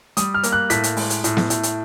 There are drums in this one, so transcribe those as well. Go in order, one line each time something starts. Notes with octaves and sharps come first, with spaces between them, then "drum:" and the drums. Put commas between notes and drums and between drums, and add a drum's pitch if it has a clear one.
G3 D#6, drum: hi-hat
F6
A#3, drum: hi-hat
F#6
A2 B6, drum: hi-hat
drum: hi-hat
G#3, drum: open hi-hat
drum: hi-hat
A2, drum: hi-hat
drum: snare B3
A2, drum: hi-hat
drum: hi-hat